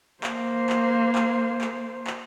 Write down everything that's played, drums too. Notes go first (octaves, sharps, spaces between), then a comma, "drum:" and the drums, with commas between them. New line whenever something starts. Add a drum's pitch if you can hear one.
A#3 C5, drum: clap
drum: clap
drum: clap
drum: clap
drum: clap